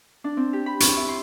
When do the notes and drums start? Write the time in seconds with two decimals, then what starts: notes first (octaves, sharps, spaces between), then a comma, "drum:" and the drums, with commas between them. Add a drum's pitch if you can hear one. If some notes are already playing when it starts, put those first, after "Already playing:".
0.24 D4
0.37 C4
0.53 G4
0.66 B5
0.80 C#5, drum: hi-hat
0.97 E4
1.08 C6